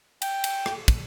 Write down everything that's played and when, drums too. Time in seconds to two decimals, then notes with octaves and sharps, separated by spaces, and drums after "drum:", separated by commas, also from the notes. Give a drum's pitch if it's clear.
0.22 G5, drum: cymbal
0.44 drum: cymbal
0.66 drum: rim click
0.88 drum: kick, cymbal